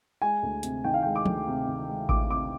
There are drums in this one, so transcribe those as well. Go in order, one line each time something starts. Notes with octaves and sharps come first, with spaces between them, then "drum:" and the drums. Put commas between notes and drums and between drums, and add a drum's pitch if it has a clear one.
G#3 G#5
D2
C3, drum: hi-hat
D#3 G5
F5
G#3 G5
D6
D2, drum: tom
C3
D#3
G#3
D2 D6, drum: kick A1
C3 D6